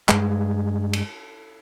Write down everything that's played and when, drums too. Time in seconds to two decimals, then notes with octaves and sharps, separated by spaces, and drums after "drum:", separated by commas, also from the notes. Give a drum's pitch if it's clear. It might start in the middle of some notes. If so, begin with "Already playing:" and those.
0.09 G2 G#3, drum: clap
0.93 drum: cymbal